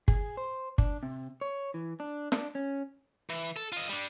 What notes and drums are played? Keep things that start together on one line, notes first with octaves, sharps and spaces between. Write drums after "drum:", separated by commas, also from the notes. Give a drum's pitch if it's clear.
G#4, drum: kick G1
C5
D4, drum: kick G1
C3
C#5
E3
D4
D4, drum: snare
C#4
E3
A4
F4 D#5
G3 D4